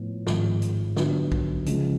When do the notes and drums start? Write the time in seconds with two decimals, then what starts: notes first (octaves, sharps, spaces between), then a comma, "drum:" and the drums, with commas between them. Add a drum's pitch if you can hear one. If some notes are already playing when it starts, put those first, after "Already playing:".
Already playing: A2 F3 B3
0.27 G#1 G#2 F3, drum: snare
0.62 drum: hi-hat
0.96 D3 F#3 B3, drum: snare
1.32 drum: kick
1.66 C#3 F3 G#3, drum: hi-hat